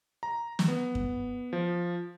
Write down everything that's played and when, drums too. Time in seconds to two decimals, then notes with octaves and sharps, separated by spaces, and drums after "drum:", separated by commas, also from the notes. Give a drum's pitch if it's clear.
0.23 A#5
0.59 drum: snare
0.68 B3
0.95 drum: kick F#2
1.53 F3